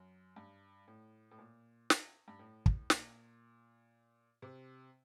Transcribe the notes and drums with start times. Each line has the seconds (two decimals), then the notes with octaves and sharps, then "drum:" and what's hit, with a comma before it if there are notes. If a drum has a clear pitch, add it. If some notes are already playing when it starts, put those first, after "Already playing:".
Already playing: F#2
0.36 G2
0.88 A2
1.31 A2
1.38 A#2
1.90 drum: snare
2.28 G2
2.39 A2
2.66 drum: kick
2.90 A#2, drum: snare
4.42 C3